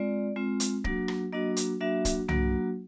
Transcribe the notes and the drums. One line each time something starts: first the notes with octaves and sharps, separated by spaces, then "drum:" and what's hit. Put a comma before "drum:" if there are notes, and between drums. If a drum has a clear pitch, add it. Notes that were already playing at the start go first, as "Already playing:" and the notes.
Already playing: G#3 C4 F4 D5
G#3 C4 F4
drum: hi-hat
F#3 A#3 D4 F#4, drum: kick
drum: rim click
F#3 A#3 D4 F#4 D#5
drum: hi-hat
F#3 A#3 D4 F#4 E5
drum: kick, hi-hat
F#3 A#3 D4 F#4, drum: tom C2